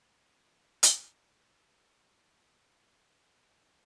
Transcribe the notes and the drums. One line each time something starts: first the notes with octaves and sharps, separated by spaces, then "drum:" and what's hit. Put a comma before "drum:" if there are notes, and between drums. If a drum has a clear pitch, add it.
drum: hi-hat
A#3 D4
G5